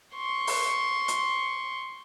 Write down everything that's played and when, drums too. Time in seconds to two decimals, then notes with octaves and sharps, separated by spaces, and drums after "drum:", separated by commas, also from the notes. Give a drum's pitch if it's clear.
0.16 C6 C#6
0.47 drum: open hi-hat
1.08 drum: hi-hat